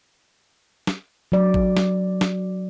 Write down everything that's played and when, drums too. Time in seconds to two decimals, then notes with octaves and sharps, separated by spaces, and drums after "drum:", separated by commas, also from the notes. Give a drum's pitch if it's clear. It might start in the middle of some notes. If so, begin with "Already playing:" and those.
0.87 drum: snare
1.32 F#3 D5
1.54 drum: kick G#1
1.77 drum: snare
2.21 drum: snare